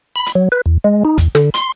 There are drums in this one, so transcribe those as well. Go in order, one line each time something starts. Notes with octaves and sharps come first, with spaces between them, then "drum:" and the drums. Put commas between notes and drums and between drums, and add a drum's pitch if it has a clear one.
B5
drum: hi-hat
F#3
B4
E2
G#3
D#4
E2, drum: kick, hi-hat
D3, drum: snare
C6, drum: hi-hat